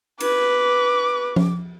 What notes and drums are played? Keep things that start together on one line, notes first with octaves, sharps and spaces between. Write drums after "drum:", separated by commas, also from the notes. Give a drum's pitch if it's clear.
B4 D6, drum: cymbal
drum: tom F3